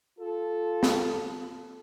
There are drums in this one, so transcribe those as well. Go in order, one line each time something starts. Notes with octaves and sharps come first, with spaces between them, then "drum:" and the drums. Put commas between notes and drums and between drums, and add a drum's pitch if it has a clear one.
F4 A4
drum: snare